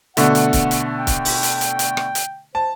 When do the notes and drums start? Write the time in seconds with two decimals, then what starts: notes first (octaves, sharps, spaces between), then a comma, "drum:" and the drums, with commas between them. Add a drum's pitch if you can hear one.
0.17 B2 D3 A3 F#5, drum: hi-hat
0.35 drum: hi-hat
0.53 drum: kick, hi-hat
0.71 drum: hi-hat
0.97 G5
1.07 drum: kick, hi-hat
1.25 drum: open hi-hat
1.43 drum: hi-hat
1.61 drum: hi-hat
1.79 drum: hi-hat
1.97 drum: rim click
2.15 drum: hi-hat
2.55 C5 A5